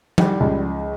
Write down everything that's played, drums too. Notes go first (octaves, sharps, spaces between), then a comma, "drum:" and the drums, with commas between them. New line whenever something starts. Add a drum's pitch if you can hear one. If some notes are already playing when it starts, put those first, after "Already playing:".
G3, drum: tom F3
C#2